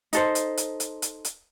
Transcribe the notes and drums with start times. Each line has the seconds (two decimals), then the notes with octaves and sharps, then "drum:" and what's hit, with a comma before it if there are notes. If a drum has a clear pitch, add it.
0.13 D#4 A4 C5, drum: hi-hat
0.35 drum: hi-hat
0.57 drum: hi-hat
0.80 drum: hi-hat
1.02 drum: hi-hat
1.25 drum: hi-hat